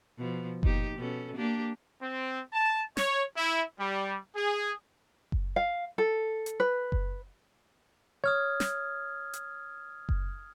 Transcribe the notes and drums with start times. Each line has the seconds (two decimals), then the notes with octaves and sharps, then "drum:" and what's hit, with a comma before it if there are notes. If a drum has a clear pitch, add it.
0.18 B2 F3
0.63 A#2 D#4 G4, drum: kick F#1
0.97 B2 C#4 A4
1.37 A#3 D4 G4
2.02 C4
2.53 A5
2.97 C#5, drum: snare
3.37 E4
3.80 G3
4.36 G#4
5.32 drum: kick F#1
5.56 F5
5.98 A4
6.46 drum: hi-hat
6.60 B4
6.92 drum: kick F#1
8.24 C#5 D#6 F6 G#6
8.60 drum: snare
9.33 drum: hi-hat
10.09 drum: kick F#1